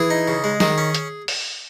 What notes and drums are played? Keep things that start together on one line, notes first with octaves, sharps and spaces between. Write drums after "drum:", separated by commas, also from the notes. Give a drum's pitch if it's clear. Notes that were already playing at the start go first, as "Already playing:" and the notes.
Already playing: E3 G#4
D#4
C#3
G#3
D#3 G#4, drum: snare
C#4
drum: hi-hat
drum: open hi-hat